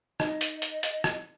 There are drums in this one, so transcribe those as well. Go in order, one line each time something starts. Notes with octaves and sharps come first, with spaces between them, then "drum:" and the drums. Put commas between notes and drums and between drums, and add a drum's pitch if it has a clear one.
D#4 D#5, drum: rim click
drum: hi-hat
drum: hi-hat
drum: hi-hat
drum: rim click